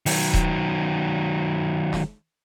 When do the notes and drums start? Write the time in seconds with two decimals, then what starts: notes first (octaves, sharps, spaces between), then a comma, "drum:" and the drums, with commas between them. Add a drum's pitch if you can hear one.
0.06 D#3 F#3, drum: open hi-hat
0.34 drum: kick D#1
1.93 drum: snare